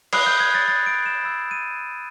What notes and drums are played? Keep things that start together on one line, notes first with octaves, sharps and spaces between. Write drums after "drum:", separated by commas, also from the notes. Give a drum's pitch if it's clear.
B5 D#6 F#6 C7, drum: cymbal
G6
G#6
A6
A6
D7
E7
B5 E6 G6
D#7